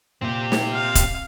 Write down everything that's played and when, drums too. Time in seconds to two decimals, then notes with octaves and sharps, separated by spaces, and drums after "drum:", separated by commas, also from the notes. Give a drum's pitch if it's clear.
0.22 A#2 C4 G4
0.52 drum: snare
0.74 F5
0.95 drum: kick, hi-hat